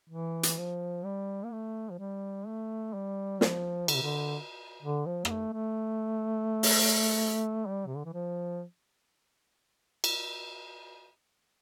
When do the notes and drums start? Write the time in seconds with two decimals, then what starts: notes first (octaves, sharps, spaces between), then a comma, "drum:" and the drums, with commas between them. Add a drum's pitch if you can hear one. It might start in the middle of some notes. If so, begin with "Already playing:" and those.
0.10 E3
0.43 drum: hi-hat
0.58 F3
1.05 G3
1.44 A#3
1.52 A3
1.91 F3
1.99 G3
2.47 A3
2.94 G3
3.41 F3, drum: snare
3.88 D3, drum: cymbal
3.95 C3
4.03 D3
4.83 D3
5.06 F3
5.25 A#3, drum: rim click
5.30 A3
5.53 A3
6.63 drum: open hi-hat
7.66 G3
7.87 C3
7.96 D3
8.05 E3
8.14 F3
10.04 drum: cymbal